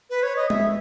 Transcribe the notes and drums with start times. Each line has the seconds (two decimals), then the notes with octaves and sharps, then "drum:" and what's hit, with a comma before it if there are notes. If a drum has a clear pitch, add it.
0.10 B4
0.23 C#5
0.36 D#5
0.50 E5, drum: tom